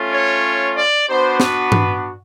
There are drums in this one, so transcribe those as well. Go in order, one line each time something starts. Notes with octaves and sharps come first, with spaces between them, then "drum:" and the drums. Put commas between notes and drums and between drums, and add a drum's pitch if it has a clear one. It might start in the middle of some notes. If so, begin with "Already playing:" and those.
Already playing: A3 C#4 F4
C#5
D5
B3 D4 F#4 C5
B4, drum: snare
drum: tom G2